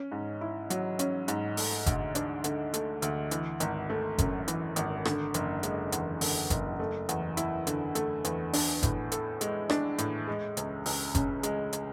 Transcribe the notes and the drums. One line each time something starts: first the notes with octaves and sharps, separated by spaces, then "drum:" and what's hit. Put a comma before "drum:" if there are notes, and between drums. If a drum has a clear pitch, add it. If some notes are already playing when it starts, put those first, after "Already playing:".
Already playing: C#4
G#2
E4
F#3, drum: hi-hat
C#4, drum: hi-hat
G#2, drum: hi-hat
A3, drum: open hi-hat
D2, drum: kick F#1, hi-hat
D4, drum: hi-hat
D3, drum: hi-hat
A3, drum: hi-hat
D2, drum: hi-hat
E3, drum: hi-hat
G#1, drum: hi-hat
A3
F#2, drum: kick F#1, hi-hat
E3, drum: hi-hat
G#1, drum: hi-hat
D3, drum: rim click
F#1, drum: hi-hat
G#3, drum: hi-hat
E2, drum: hi-hat
D3, drum: open hi-hat
F#1, drum: kick F#1, hi-hat
A3
E2, drum: hi-hat
E4, drum: hi-hat
D3, drum: hi-hat
A3, drum: hi-hat
E2, drum: hi-hat
D4, drum: open hi-hat
A2, drum: kick F#1, hi-hat
A4, drum: hi-hat
G#3, drum: hi-hat
D4, drum: rim click
A2, drum: hi-hat
G#3
C#2, drum: hi-hat
C#2, drum: open hi-hat
C#3, drum: kick F#1, hi-hat
G#3, drum: hi-hat
drum: hi-hat